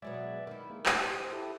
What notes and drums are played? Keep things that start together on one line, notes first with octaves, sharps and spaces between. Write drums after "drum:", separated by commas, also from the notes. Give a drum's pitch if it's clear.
B2 F#3 G#3 D5 E5
D#3 E4
G#3 A#3
G4 D#6, drum: clap
C5
E4 G4 A4